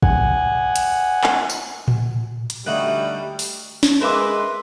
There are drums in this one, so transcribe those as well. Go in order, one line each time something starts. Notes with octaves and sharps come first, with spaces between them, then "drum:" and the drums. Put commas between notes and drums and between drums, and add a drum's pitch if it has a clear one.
F#5 G#5, drum: kick A1
drum: hi-hat
drum: clap
drum: tambourine
drum: tom A2
drum: hi-hat
D2 G3 D#4 F#4 E5 F#6
drum: open hi-hat
drum: snare
G#3 A#4 B4 E5 C6 D6